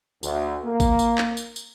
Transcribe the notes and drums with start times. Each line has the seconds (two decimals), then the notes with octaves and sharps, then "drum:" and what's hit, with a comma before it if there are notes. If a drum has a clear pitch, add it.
0.23 D2, drum: tambourine
0.65 A#3
0.80 drum: kick A1, tambourine
0.99 drum: tambourine
1.18 drum: clap
1.37 drum: tambourine
1.56 drum: tambourine